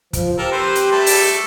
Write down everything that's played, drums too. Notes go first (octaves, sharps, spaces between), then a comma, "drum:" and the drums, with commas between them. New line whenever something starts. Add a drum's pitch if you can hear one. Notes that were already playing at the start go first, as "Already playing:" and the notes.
F3, drum: kick, hi-hat
G4 A4 A#4
C4 B4 C5
drum: hi-hat
G3 A3 A4
drum: open hi-hat